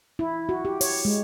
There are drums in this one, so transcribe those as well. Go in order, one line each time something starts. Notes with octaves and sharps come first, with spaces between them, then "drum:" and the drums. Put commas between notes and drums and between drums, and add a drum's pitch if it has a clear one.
E4
F#4
G4
C#5, drum: open hi-hat
G#3